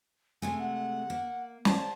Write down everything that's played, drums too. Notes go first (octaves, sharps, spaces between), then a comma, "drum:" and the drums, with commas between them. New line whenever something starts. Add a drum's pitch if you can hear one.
C3 G#3 A3 G#5
F#5
A#3
C5 D5 A5, drum: snare